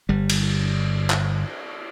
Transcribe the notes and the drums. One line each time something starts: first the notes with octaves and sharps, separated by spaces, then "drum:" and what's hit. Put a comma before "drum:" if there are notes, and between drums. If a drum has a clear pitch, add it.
G1 G3
drum: cymbal
drum: clap